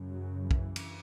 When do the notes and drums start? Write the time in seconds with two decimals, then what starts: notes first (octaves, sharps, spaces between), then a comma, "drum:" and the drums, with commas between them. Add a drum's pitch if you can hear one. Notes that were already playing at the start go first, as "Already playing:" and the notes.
Already playing: F#2 C#3
0.12 F#3
0.51 E3, drum: kick
0.76 drum: cymbal